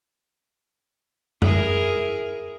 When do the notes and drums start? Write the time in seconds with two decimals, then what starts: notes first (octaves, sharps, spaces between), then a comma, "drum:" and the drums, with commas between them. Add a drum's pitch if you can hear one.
1.42 E4 G#4 A#4, drum: tom F#2